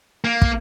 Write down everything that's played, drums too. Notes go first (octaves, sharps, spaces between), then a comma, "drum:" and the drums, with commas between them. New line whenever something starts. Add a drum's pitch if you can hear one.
A#3
drum: kick